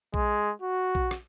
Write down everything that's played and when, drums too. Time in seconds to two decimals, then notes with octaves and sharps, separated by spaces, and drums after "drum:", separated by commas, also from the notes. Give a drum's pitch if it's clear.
0.14 G#3, drum: kick A#1
0.62 F#4
0.95 drum: kick A#1
1.11 drum: rim click